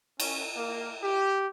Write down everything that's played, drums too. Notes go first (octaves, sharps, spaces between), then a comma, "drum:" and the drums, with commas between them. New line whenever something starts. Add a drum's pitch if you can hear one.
C#4, drum: cymbal
A#3
G4